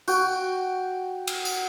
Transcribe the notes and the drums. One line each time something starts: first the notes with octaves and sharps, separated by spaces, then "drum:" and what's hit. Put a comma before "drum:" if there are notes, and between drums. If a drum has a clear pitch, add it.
F#4 G5, drum: tambourine
drum: cymbal
drum: tambourine